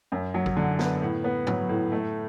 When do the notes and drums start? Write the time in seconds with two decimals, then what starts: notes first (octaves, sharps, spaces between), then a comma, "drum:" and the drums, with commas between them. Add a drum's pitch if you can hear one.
0.12 F#2
0.34 F#3
0.46 drum: kick G#1
0.57 D3
0.79 B3, drum: snare
1.02 A2
1.24 B3
1.47 F#3, drum: tom G#2
1.69 A2
1.92 A3